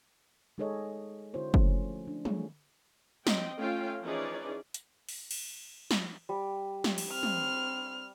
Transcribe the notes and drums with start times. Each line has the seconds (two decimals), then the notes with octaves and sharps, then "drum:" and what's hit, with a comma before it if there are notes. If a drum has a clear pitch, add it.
0.58 G#3 D#4 G#4 A4 C#5 D#5
1.34 D3 C4 E4 F#4 C5 C#5
1.54 F3 A3 C#4, drum: kick F#1
2.07 D4
2.25 F#3 G3 A3 F4 G#4 C#5, drum: tom
3.27 C4 D#5 G5, drum: snare
3.57 A3 C#4 F4 F5 G5
4.03 E3 F3 C#4 D#4 G#4 D5
4.74 drum: hi-hat
5.09 drum: open hi-hat
5.31 drum: cymbal
5.91 drum: snare
6.29 G3
6.84 drum: snare
6.98 drum: cymbal
7.13 C4 F6
7.23 drum: tom